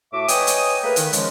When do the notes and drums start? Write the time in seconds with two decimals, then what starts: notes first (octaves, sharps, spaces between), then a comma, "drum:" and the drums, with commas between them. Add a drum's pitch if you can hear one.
0.13 A2 A3 F#4 E5 D6
0.28 B4 C#5 D#5 G5 G#5 D#6, drum: hi-hat
0.47 drum: hi-hat
0.83 A3 A#3 G#4 A#4 B4
0.96 D#3, drum: hi-hat
1.13 C#3 F3 G#3, drum: hi-hat